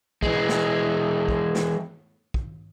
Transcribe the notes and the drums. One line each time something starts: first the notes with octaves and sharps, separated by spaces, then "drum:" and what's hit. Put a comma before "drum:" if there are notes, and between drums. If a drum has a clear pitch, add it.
E3 G#3, drum: kick
drum: snare
drum: kick
drum: snare
drum: kick